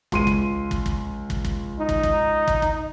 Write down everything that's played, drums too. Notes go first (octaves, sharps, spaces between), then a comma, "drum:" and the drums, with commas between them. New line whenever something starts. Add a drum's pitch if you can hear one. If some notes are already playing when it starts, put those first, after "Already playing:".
C#2 C6 D#7, drum: kick
drum: kick
drum: kick
drum: kick
drum: kick
drum: kick
D#4
drum: kick
drum: kick
drum: kick
drum: kick